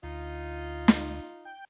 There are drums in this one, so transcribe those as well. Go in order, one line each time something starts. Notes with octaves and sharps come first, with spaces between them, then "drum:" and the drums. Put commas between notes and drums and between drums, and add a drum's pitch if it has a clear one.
D2 D#4 F4
drum: snare
G5